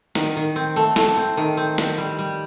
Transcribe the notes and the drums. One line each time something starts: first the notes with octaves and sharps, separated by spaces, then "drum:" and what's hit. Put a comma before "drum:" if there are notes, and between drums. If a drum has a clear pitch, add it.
D#3, drum: snare
D#3
C4
A3
A3, drum: snare
C4
D#3
C4
C4, drum: snare
G3
G3